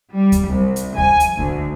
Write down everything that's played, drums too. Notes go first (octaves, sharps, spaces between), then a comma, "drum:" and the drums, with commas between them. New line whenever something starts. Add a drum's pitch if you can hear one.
G3
drum: kick D2, hi-hat
C2
drum: hi-hat
G#5, drum: kick D2
drum: hi-hat
D2, drum: kick D2